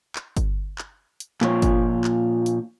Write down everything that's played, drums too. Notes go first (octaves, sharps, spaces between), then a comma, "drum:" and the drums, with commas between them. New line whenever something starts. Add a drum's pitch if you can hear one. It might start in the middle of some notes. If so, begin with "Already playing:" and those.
drum: clap
drum: kick G1, hi-hat
drum: clap
drum: hi-hat
A#2 F3 C#5, drum: clap
drum: kick G1, hi-hat
drum: clap
drum: hi-hat